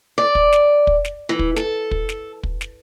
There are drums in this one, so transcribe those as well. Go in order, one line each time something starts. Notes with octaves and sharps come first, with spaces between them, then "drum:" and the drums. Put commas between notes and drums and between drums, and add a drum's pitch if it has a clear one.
D5
drum: kick
drum: snare
drum: kick
drum: snare
E3
drum: kick
A4, drum: snare
drum: kick
drum: snare
drum: kick
drum: snare